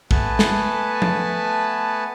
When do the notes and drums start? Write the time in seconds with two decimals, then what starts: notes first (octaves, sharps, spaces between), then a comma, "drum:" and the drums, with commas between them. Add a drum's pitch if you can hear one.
0.11 A3 B3 B4 G#5 A5, drum: kick
0.39 drum: snare
1.02 drum: tom F3